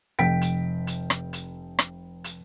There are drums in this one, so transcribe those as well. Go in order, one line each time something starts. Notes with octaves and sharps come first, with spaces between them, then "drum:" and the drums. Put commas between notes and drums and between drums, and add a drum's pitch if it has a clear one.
F1 G5 B6 D7
drum: hi-hat
drum: hi-hat
drum: rim click
drum: hi-hat
drum: rim click
drum: hi-hat